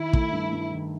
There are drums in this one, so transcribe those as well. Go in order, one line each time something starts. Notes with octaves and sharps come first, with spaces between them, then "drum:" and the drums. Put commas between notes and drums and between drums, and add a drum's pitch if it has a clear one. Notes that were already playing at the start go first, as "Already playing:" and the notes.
Already playing: D#3 E4
A3, drum: kick
G2
G2
D#3